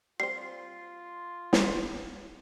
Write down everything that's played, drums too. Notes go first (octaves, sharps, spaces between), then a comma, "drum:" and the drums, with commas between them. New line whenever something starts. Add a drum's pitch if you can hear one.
G3 C4 F4 C5 C7
drum: snare